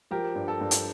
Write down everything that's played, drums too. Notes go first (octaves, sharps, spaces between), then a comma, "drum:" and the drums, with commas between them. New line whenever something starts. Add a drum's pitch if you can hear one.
F3 G4 A#4
G2
A4
G2
drum: hi-hat